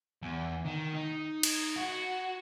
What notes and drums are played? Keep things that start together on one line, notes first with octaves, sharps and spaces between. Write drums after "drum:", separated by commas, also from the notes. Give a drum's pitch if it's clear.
E2
D#3
D#4
drum: cymbal
F#4